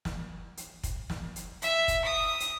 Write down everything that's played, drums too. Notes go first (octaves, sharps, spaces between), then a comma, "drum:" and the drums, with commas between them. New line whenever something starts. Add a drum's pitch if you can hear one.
drum: snare
drum: hi-hat
drum: kick, hi-hat
drum: snare
drum: hi-hat
E5, drum: hi-hat
drum: kick, hi-hat
D#6
drum: hi-hat